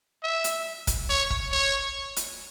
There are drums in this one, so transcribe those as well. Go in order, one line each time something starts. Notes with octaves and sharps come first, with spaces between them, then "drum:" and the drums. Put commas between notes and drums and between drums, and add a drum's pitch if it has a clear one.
E5
drum: hi-hat
drum: kick, hi-hat
C#5
drum: kick
C#5
drum: hi-hat